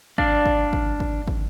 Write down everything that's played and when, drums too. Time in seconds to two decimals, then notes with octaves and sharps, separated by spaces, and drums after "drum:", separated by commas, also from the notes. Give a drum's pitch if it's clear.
0.18 D4 D5 F5, drum: kick
0.46 drum: kick
0.73 drum: kick
1.00 drum: kick
1.27 drum: kick